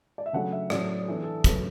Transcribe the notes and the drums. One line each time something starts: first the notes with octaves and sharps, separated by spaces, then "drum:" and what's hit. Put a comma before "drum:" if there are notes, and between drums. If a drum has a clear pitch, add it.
D5
E5
C#3 F#3 A3 D4 F#5
E5
A2 F#3 C#4 D5, drum: rim click
E3 B3 D4 A4
A4
C#3 F#3 A3 B4, drum: kick, hi-hat